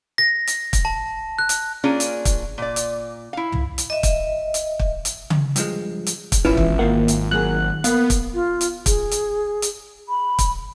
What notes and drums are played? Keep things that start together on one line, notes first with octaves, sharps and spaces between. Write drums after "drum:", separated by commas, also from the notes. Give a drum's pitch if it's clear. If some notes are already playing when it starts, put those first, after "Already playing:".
A#6
drum: hi-hat
drum: kick, hi-hat
A5
F#6
drum: hi-hat
A#3 C#4 D4 F4 G#4
drum: hi-hat
drum: kick, hi-hat
A#2 D5
drum: hi-hat
E4 F5
drum: tom
drum: hi-hat
D#5 E5
drum: kick, hi-hat
drum: hi-hat
drum: kick
drum: hi-hat
drum: tom C#3
G2 F3 G#3, drum: hi-hat
drum: hi-hat
drum: kick, hi-hat
G#1 B2 E3 C#4 E4 F4 E5
drum: kick
D#3 A#3 F4 F#5
drum: hi-hat
F#3 A#3 G#4 F#6
A#3 B3 F5, drum: hi-hat
drum: kick, hi-hat
F4
drum: hi-hat
G#4, drum: kick, hi-hat
drum: hi-hat
drum: hi-hat
B5
drum: kick, hi-hat